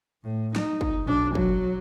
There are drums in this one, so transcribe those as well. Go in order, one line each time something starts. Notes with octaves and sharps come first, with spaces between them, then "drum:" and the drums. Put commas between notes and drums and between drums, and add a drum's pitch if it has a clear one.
A2
D#4, drum: snare
drum: kick
B1 D4
F#3, drum: kick